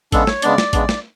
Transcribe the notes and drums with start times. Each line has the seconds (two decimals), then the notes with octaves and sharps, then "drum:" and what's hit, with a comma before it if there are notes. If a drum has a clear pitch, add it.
0.12 C#3 G#3 B3 D4 A4, drum: kick A1, hi-hat
0.27 C#5, drum: snare
0.42 C#3 G#3 B3 D4 D5, drum: hi-hat
0.58 drum: snare
0.73 C#3 G#3 B3 D4, drum: kick A1, hi-hat
0.89 drum: snare